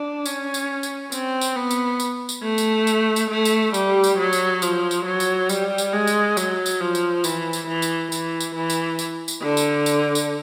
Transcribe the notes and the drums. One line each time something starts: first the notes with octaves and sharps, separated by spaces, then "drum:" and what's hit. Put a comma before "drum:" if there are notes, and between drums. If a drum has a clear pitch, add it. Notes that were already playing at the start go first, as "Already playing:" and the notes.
Already playing: D4
C#4, drum: tambourine
drum: tambourine
drum: tambourine
C4, drum: tambourine
drum: tambourine
B3
drum: tambourine
drum: tambourine
drum: tambourine
A3
drum: tambourine
drum: tambourine
drum: tambourine
A3
drum: tambourine
G3, drum: tambourine
drum: tambourine
F#3
drum: tambourine
F3, drum: tambourine
drum: tambourine
F#3
drum: tambourine
G3, drum: tambourine
drum: tambourine
G#3
drum: tambourine
F#3, drum: tambourine
drum: tambourine
F3
drum: tambourine
E3, drum: tambourine
drum: tambourine
E3
drum: tambourine
E3, drum: tambourine
drum: tambourine
E3
drum: tambourine
drum: tambourine
drum: tambourine
D3
drum: tambourine
drum: tambourine
drum: tambourine